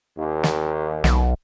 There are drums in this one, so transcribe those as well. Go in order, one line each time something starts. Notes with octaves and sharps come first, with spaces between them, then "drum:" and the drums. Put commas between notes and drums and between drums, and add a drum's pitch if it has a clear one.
D#2
drum: snare
B1, drum: snare